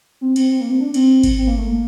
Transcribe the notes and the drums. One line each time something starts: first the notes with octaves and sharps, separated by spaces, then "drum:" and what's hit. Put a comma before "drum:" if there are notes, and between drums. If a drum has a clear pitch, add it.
C4
C4, drum: cymbal
C4
A#3
C4
D4
C4, drum: cymbal
drum: kick G#1, cymbal
C4
A#3
A3
A#3